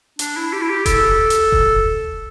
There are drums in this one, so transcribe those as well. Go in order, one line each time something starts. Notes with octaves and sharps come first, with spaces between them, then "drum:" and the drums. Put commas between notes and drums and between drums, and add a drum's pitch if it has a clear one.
D4, drum: hi-hat
E4
G4
E4
G4
A4, drum: kick E1, hi-hat
drum: hi-hat
drum: kick E1